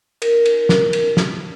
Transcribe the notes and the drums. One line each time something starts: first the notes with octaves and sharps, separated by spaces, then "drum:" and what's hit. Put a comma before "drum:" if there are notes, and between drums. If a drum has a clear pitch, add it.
A#4, drum: cymbal
drum: cymbal
drum: snare
drum: cymbal
drum: snare